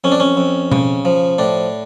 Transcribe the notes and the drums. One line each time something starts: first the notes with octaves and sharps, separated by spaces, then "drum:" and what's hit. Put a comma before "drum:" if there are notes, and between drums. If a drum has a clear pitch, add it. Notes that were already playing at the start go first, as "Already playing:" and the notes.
F2 C#4
D4
C#4
F2
C#3, drum: tom B2
F3
A2 D4